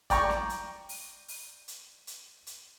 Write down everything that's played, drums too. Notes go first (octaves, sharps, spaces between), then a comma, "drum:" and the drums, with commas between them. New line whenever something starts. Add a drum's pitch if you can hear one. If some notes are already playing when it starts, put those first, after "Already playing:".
D5 G5 A#5 C#6, drum: kick, hi-hat
drum: snare
drum: hi-hat
drum: open hi-hat
drum: open hi-hat
drum: hi-hat
drum: hi-hat
drum: hi-hat